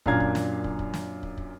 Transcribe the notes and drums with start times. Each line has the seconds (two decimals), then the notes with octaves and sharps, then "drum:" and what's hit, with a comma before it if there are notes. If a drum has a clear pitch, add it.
0.06 F#2 A#2 D4 F5 A#5 G#6, drum: kick
0.20 drum: kick
0.35 drum: snare
0.64 drum: kick
0.79 drum: kick
0.94 drum: snare
1.23 drum: kick
1.38 drum: kick